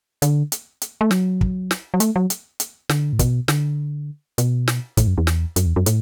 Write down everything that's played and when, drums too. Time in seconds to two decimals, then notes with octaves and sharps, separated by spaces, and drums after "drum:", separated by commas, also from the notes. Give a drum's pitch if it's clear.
0.22 D3, drum: hi-hat
0.52 drum: hi-hat
0.82 drum: hi-hat
1.01 A3
1.11 F#3, drum: snare
1.41 drum: kick
1.71 drum: snare
1.94 F#3
2.00 A3, drum: hi-hat
2.16 F#3
2.30 drum: hi-hat
2.60 drum: hi-hat
2.89 D3, drum: snare
3.13 A2
3.19 B2, drum: kick, hi-hat
3.48 D3, drum: snare
4.38 B2, drum: hi-hat
4.68 drum: snare
4.97 A2, drum: kick, hi-hat
5.07 F#2
5.18 E2
5.27 drum: snare
5.56 F#2, drum: hi-hat
5.66 E2
5.76 F#2
5.86 A2, drum: hi-hat